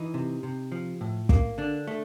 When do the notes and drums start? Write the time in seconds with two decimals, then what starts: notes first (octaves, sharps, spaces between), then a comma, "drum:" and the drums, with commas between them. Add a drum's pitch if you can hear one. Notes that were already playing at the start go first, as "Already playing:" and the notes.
Already playing: E3 D#4
0.14 C3
0.43 C3
0.72 F3
1.01 A2
1.29 A#3, drum: kick
1.58 D3 D4
1.87 A3